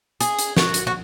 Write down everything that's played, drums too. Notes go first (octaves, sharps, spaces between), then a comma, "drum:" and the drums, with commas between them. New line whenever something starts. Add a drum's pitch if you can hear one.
G#4, drum: hi-hat
drum: hi-hat
F#4, drum: snare
drum: hi-hat
F#4